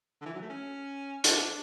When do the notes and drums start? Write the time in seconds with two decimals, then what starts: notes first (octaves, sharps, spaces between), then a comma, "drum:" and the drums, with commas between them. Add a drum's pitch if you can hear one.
0.21 D3
0.26 E3
0.34 F#3
0.42 A3
0.49 C#4
1.24 D4, drum: hi-hat